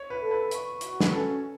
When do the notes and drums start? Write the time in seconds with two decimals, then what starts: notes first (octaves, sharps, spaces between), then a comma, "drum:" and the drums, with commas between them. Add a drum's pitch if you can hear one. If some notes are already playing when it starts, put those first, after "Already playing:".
Already playing: C#5
0.10 B4
0.20 A4
0.31 B4
0.51 C#6, drum: hi-hat
0.81 F#4, drum: hi-hat
1.01 B4, drum: snare
1.12 C#4 A4